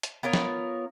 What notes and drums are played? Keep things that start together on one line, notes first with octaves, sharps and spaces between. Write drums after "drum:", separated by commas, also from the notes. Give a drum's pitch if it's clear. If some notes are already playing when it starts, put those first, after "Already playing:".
drum: hi-hat
B3 F4 A#4 C#5
drum: snare